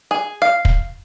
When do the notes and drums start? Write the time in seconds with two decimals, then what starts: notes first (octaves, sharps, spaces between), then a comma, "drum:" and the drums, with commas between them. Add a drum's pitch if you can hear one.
0.11 G#4
0.42 F5
0.65 drum: kick